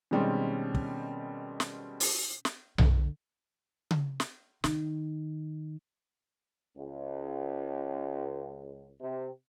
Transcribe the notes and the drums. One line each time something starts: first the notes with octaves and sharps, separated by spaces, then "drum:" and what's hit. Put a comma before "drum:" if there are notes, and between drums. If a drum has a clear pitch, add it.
B2 D#3 G3 G#3 C4 C#4
drum: kick
drum: snare
drum: open hi-hat
drum: snare
D3, drum: tom B1
drum: tom C#3
drum: snare
D#3, drum: snare
C#2
C3